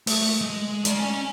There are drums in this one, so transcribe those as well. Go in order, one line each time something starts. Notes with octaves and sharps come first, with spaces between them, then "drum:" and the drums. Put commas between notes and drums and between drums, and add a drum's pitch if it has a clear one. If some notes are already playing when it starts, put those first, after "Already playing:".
A3, drum: open hi-hat
G#3
A3 D5, drum: hi-hat
C#4 G#5